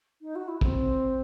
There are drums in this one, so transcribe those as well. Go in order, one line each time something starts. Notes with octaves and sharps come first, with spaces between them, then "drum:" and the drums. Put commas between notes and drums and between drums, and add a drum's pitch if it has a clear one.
D#4
F#4
E4
C4, drum: kick